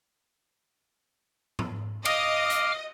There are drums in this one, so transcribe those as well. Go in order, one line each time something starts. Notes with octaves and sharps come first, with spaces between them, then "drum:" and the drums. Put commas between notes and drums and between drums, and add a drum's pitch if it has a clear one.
drum: tom
D#5 F5 D6 F6, drum: cymbal
drum: hi-hat